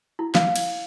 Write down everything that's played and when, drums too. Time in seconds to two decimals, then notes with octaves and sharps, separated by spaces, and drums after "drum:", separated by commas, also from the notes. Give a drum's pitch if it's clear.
0.19 E4
0.35 F5, drum: snare
0.56 drum: cymbal